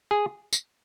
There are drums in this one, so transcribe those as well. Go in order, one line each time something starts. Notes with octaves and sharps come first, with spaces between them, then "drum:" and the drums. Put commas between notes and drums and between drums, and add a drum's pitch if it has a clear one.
G#4
drum: tambourine